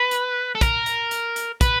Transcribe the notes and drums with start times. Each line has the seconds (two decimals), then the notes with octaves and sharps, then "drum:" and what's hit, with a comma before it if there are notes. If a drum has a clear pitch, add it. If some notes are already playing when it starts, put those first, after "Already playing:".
Already playing: B4
0.11 drum: hi-hat
0.55 A4
0.61 A#4, drum: kick, hi-hat
0.86 drum: hi-hat
1.11 drum: hi-hat
1.36 drum: hi-hat
1.61 B4, drum: kick, hi-hat